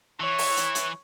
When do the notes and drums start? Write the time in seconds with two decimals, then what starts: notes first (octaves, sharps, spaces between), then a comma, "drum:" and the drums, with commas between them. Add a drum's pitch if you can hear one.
0.20 E3 C#5
0.38 drum: open hi-hat
0.57 drum: hi-hat
0.75 drum: hi-hat